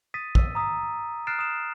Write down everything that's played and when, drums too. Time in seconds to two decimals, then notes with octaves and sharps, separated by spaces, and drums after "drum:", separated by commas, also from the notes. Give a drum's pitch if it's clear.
0.14 D#6 A6 B6 D#7
0.35 E6, drum: kick
0.55 A#5 D#6 E6 B6
1.27 F6 F#6 A6 C7 D7 E7
1.39 D#6 E7